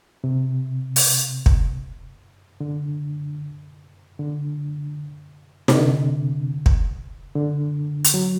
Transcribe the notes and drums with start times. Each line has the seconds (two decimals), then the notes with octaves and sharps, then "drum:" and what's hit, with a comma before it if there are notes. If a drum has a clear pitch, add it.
0.24 C3
0.96 drum: open hi-hat
1.46 drum: kick
2.60 D3
4.19 D3
5.68 C3, drum: snare D#4
5.78 D3
6.66 drum: kick
7.35 D3
8.04 drum: hi-hat
8.14 F#3